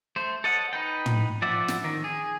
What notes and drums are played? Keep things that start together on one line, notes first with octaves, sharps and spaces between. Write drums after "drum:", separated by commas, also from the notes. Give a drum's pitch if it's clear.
A3 C5
A4 C#5 D#5 F#5
D#4 B4 G5
drum: tom
F3 D5 E5 F#5
drum: snare
D#3
G#4